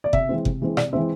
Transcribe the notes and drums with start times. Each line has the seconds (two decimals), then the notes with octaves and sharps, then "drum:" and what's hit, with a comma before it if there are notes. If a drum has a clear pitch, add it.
0.04 D5
0.13 C3 E5, drum: kick F#1
0.29 E3 G#3 C4
0.45 C3, drum: kick F#1
0.62 E3 G#3 C4
0.77 C3 D5, drum: rim click
0.93 E3 G#3 C4 E5